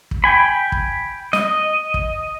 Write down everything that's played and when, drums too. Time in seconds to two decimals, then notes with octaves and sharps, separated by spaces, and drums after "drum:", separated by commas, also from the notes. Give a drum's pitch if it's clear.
0.11 drum: kick
0.24 G5 G#5 B5
0.72 drum: kick
1.33 D#5, drum: snare
1.94 drum: kick